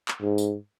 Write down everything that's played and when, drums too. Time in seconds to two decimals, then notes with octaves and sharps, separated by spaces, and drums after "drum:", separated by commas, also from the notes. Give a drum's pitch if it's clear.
0.08 drum: clap
0.22 G#2
0.38 drum: tambourine